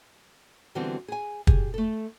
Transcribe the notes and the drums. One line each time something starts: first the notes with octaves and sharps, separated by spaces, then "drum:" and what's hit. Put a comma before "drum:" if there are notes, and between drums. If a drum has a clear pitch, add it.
D3 E3 G3 B3 C4 F#4
G#4 G#5
G4 G#4, drum: kick
A3 A4